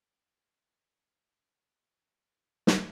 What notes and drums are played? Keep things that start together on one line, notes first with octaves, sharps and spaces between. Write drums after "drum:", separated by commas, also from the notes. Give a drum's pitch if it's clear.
G#6 B6
drum: snare